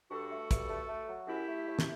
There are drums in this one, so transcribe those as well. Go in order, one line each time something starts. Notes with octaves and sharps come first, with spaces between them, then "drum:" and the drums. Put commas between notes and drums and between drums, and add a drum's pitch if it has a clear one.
G2 F#4 A4
A3
G2, drum: kick, hi-hat
A3
A3
F#3
F#2 E4 G4
A3
A3
drum: snare